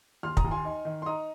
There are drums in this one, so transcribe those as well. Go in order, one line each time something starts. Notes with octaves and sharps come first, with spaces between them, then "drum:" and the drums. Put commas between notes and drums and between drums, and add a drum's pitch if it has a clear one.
D#2 C6 F6
A#5 D#6, drum: kick
D#2
G#5 C6
D#4
D#3
C6
D#4 A#5 D#6